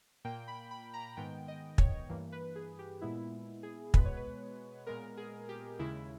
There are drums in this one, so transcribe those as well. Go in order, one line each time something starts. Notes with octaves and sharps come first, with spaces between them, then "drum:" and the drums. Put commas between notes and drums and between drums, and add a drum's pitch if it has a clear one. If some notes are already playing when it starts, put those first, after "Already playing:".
A#2 A#3 G5
B5
B5
A#5
G#2 D#3 G#3 B3 G5
D#5
C#5, drum: kick
G2 E3 A#3
B4
G#4
G4
A#2 G#3 B3 E4
G#4
B2 G#3 B3 B4, drum: kick
C#5
B4
A#2 G#3 B3 A#4
G#4
G4
D#2 C#3 G#3 E4